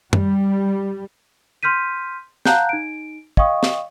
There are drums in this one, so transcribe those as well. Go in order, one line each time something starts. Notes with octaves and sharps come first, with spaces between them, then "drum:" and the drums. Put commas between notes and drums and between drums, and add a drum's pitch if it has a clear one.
G3, drum: tom F#2
C6 F6 G6 B6 D#7
F5 F#5 A5 A#5 F#6 G6, drum: snare
D#4 D7
D#5 F5 G5 C#6 D#6, drum: kick
drum: snare